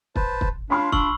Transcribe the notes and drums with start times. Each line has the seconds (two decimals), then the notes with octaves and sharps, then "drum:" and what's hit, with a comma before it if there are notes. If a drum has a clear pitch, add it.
0.16 B4 C5 A5, drum: kick
0.41 drum: kick
0.70 D4 F4 C#5 B5 C6 F6
0.92 D4 F4 C#6 E6 F#7, drum: kick